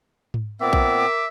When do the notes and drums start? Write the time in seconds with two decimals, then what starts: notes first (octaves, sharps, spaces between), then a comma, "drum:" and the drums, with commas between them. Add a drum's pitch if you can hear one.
0.34 drum: tom G#2
0.61 A#2 B3 C4 A#4 E5 D6
0.73 drum: kick A#1